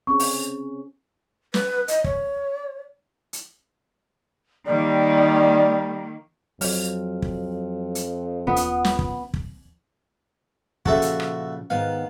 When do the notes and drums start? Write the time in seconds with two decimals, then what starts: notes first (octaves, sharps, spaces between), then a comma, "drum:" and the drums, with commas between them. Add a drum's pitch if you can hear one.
0.07 C4 C#4 G#4 C#6
0.20 drum: open hi-hat
1.54 B4, drum: snare
1.88 D#5, drum: hi-hat
2.04 C#5, drum: kick
3.33 drum: hi-hat
4.66 D#3 G3 A#3 D5
6.61 F2 F#3 F6, drum: open hi-hat
7.22 drum: kick
7.95 drum: hi-hat
8.47 D#1 B3 F4 F#5 D#6
8.56 drum: hi-hat
8.85 drum: snare
8.99 drum: kick
9.34 drum: kick
10.86 A#2 C#3 F3 F#4 A4 E5, drum: kick
11.02 drum: hi-hat
11.20 drum: rim click
11.70 G#2 D#3 B3 F5